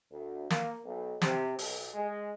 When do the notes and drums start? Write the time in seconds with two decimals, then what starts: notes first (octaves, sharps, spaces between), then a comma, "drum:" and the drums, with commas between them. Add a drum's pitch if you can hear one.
0.11 D2
0.50 A#3, drum: snare
0.84 B1
1.22 C3, drum: snare
1.59 B1, drum: open hi-hat
1.93 G#3